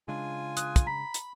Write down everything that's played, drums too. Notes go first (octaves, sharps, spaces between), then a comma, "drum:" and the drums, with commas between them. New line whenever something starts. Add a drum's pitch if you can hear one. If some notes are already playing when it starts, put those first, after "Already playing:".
C#3 G#3 D4 F4 G#5
D#6 F#6, drum: hi-hat
drum: kick, hi-hat
A#5 B5 B6
drum: hi-hat